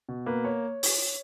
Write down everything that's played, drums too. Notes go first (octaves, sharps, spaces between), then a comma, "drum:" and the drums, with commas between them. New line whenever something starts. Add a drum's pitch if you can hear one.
B2
A#3 B4
C#5
drum: open hi-hat